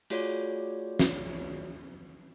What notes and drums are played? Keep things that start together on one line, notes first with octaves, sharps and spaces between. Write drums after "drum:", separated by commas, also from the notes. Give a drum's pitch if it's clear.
A3 F4 F#4 G#4 C#5 D5, drum: hi-hat
drum: snare